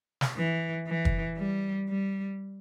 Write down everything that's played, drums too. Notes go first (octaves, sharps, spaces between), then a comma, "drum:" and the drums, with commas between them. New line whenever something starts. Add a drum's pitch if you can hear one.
drum: snare
E3
E3
drum: kick
G3
G3